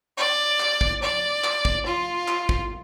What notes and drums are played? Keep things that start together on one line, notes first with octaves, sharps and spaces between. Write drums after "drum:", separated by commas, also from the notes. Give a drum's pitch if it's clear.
D5
drum: clap
drum: kick
D5
drum: clap
drum: kick
F4
drum: clap
drum: kick